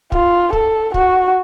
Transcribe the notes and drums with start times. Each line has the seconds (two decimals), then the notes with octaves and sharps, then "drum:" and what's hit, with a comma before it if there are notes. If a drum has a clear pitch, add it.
0.12 F4, drum: kick
0.53 A4, drum: kick
0.94 F#4, drum: kick